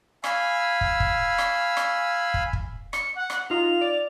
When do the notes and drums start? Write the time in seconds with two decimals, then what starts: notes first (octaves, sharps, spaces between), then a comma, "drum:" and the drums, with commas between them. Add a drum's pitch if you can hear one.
0.24 F5 G#5 B5 E6, drum: rim click
0.81 drum: kick
1.00 drum: kick
1.38 drum: rim click
1.77 drum: rim click
2.34 drum: kick
2.53 drum: kick
2.93 C#7, drum: rim click
3.16 F#5
3.30 drum: rim click
3.50 D#4 F4 F7
3.81 D5